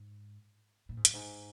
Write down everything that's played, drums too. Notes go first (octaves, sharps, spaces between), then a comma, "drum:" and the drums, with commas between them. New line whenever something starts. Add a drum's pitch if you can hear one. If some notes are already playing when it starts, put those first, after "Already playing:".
Already playing: G#2
A#2
G#2
F#2, drum: hi-hat
G#2